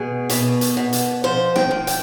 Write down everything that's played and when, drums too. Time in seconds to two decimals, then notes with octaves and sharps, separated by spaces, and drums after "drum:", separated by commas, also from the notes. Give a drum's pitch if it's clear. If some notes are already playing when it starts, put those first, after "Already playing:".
Already playing: B2 G#4
0.30 B2, drum: hi-hat
0.61 drum: hi-hat
0.77 B2
0.93 drum: hi-hat
1.24 F3 C5
1.56 G5, drum: snare
1.71 F3
1.87 G5, drum: hi-hat